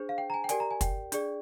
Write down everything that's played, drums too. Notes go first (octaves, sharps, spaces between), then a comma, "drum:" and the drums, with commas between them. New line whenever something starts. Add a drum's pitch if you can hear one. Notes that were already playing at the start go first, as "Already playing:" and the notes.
Already playing: D4 G#4 C5
F5
G5
A#5
G#5
G5
G4 A#4 D5 G#5, drum: hi-hat
A#5
G#5
G5, drum: kick, hi-hat
D4 G#4 D5, drum: hi-hat